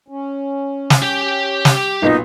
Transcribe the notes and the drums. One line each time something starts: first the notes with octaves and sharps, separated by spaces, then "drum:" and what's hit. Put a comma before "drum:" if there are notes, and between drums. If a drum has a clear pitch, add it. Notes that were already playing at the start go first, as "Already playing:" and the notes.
C#4
drum: snare
G4 G5
drum: snare
B1 A#2 D#4